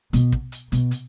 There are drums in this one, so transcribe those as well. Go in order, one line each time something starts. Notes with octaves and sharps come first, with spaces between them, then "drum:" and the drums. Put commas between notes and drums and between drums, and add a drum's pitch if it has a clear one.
B2, drum: hi-hat
drum: kick
drum: hi-hat
B2, drum: hi-hat
drum: hi-hat